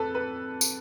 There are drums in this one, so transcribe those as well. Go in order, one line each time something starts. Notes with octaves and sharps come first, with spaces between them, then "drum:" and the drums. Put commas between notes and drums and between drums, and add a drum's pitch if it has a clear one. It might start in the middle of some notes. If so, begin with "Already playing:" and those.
Already playing: F2 A4 B4
B4
drum: tambourine